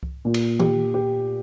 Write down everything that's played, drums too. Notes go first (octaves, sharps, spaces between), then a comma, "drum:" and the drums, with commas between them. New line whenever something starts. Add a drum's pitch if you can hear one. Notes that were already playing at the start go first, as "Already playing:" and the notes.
drum: kick C2
A#2
drum: cymbal
G4, drum: tom D#3
G4